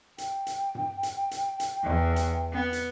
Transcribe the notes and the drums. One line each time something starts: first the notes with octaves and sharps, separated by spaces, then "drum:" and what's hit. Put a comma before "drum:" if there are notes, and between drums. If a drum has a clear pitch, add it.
G5, drum: hi-hat
drum: hi-hat
drum: tom G2
drum: hi-hat
drum: hi-hat
drum: hi-hat
E2
drum: hi-hat
B3
drum: hi-hat